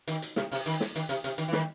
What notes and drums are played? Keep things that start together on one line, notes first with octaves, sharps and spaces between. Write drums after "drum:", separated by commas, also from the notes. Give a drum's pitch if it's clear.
D#3, drum: hi-hat
drum: hi-hat
C3, drum: snare
C3, drum: open hi-hat
D#3, drum: hi-hat
drum: snare
D#3, drum: hi-hat
C3, drum: hi-hat
C3, drum: hi-hat
D#3, drum: hi-hat
E3
D#3, drum: snare